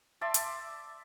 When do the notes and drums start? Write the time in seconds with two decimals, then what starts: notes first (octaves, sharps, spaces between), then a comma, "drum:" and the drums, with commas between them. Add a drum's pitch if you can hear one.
0.21 D5 E5 A5 C6
0.34 drum: hi-hat